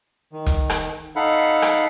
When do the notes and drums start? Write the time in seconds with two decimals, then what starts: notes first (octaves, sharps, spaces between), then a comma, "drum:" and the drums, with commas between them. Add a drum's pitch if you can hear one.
0.33 D#3
0.46 drum: kick, hi-hat
0.70 drum: rim click
1.16 D#4 A4 F5 F#5 B5
1.62 drum: rim click